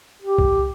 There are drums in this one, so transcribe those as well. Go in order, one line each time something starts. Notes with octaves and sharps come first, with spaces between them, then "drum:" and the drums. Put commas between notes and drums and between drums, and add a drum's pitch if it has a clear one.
G4
drum: kick C2